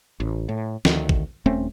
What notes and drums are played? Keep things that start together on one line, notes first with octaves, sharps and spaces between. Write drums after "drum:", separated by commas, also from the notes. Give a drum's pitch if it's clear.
A1
A2
D2 D#3, drum: snare
drum: kick
D#1 A3 C4 C#4